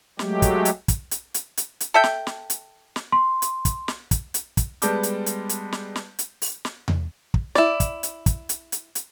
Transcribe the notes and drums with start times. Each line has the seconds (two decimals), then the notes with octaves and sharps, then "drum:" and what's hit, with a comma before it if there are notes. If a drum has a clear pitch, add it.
0.19 F#3 G#3 A3 G4, drum: snare
0.42 drum: kick, hi-hat
0.65 drum: hi-hat
0.88 drum: kick, hi-hat
1.11 drum: hi-hat
1.34 drum: hi-hat
1.57 drum: hi-hat
1.80 drum: hi-hat
1.94 A4 E5 G5
2.04 drum: snare
2.27 drum: snare
2.50 drum: hi-hat
2.96 drum: snare
3.12 C6
3.42 drum: hi-hat
3.65 drum: kick, hi-hat
3.88 drum: snare
4.11 drum: kick, hi-hat
4.34 drum: hi-hat
4.57 drum: kick, hi-hat
4.82 G3 G#3 B3 A5 D6 G6, drum: hi-hat
5.03 drum: hi-hat
5.26 drum: hi-hat
5.49 drum: hi-hat
5.72 drum: snare
5.96 drum: snare
6.19 drum: hi-hat
6.42 drum: open hi-hat
6.65 drum: snare
6.88 drum: tom E2
7.34 drum: kick
7.55 E4 D5, drum: snare
7.80 drum: kick, hi-hat
8.03 drum: hi-hat
8.26 drum: kick, hi-hat
8.49 drum: hi-hat
8.72 drum: hi-hat
8.95 drum: hi-hat